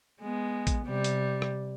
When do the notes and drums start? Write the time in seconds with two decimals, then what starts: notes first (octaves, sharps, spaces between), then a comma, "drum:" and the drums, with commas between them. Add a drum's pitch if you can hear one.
0.21 G#3 B3
0.67 drum: kick A1, hi-hat
0.86 C3 G3
1.04 drum: hi-hat
1.42 drum: rim click